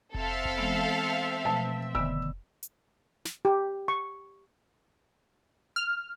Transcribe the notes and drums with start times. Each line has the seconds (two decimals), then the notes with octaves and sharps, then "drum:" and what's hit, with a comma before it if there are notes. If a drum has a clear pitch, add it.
0.14 C4 A4 E5 F5, drum: kick F1
0.45 drum: kick F1
0.58 E3 G#3 B3
1.45 B2 F3 A3 A5
1.95 D3 D#3 B3 E6, drum: kick F1
2.63 drum: hi-hat
3.25 drum: snare
3.45 G4
3.88 C#6
5.76 F6